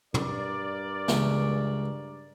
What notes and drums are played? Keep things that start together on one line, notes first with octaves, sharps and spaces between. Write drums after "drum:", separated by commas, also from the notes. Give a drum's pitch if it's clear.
G2 A#4 D5, drum: tom
C#2 E3, drum: snare